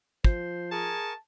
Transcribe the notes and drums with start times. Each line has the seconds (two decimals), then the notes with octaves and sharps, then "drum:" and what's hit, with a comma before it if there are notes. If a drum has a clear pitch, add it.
0.24 F3 C5, drum: kick
0.71 G#4 A#4 G#5 A5 C#6